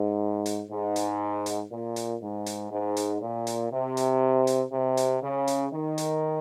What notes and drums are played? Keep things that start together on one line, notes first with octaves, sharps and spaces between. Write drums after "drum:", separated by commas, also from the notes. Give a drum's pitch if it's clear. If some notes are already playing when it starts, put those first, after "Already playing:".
Already playing: G#2
drum: hi-hat
G#2
drum: hi-hat
drum: hi-hat
A#2
drum: hi-hat
G#2
drum: hi-hat
G#2
drum: hi-hat
A#2
drum: hi-hat
C3
drum: hi-hat
drum: hi-hat
C3
drum: hi-hat
C#3
drum: hi-hat
D#3
drum: hi-hat